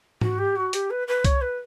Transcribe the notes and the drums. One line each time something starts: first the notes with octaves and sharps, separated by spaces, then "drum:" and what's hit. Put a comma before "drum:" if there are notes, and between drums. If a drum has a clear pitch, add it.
F#4, drum: tom G#2
G4
F#4
G4, drum: hi-hat
B4
B4
C#5, drum: kick C2, hi-hat
B4